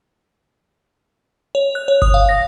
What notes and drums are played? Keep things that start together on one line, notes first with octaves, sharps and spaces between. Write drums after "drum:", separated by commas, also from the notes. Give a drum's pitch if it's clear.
C#5
F#6
C#5
D#6, drum: kick G1
F5
A#6